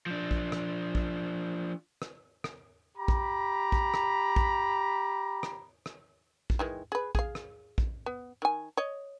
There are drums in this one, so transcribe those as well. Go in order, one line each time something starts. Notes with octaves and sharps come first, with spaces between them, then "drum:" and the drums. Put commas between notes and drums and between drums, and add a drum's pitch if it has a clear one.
F3 D4
drum: kick A#1
drum: rim click
drum: kick A#1
drum: rim click
drum: rim click
G4 A#5 B5
drum: kick A#1
drum: kick A#1
drum: rim click
drum: kick A#1
drum: rim click
drum: rim click
drum: kick A#1
D#3 E3 G#3
G#4 B4
G#4 F5, drum: kick A#1
drum: rim click
drum: kick A#1
B3
D#3 G#5
C#5 D#5